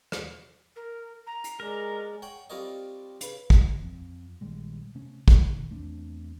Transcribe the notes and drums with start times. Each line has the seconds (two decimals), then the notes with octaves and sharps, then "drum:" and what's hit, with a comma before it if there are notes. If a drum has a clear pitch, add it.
0.12 drum: rim click
0.76 A#4
1.27 A#5
1.44 drum: hi-hat
1.60 G#3 A#4 D5
2.22 C#5 F#5 G5
2.50 G3 C4 F4 A#4 C#5 D#5
3.21 C#3 B4, drum: hi-hat
3.50 G1 D2 E3 F3, drum: kick
3.82 F2
4.41 A#1 D#3 G3 G#3
4.95 C3 A3 C#4
5.28 B2 D#3, drum: kick
5.70 E2 A3 C4 D4